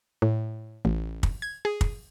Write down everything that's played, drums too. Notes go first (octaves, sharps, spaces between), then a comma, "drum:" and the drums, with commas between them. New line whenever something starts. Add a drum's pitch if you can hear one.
A2
A1
drum: kick
G#6
G#4
drum: kick